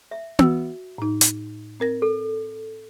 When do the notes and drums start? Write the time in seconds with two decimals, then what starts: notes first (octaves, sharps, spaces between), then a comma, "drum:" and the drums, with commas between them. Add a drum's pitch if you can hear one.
0.11 E5
0.39 F#4 E6, drum: tom B3
0.98 A2 D#4
1.21 drum: hi-hat
1.80 C4 A#4 A#6
2.02 A4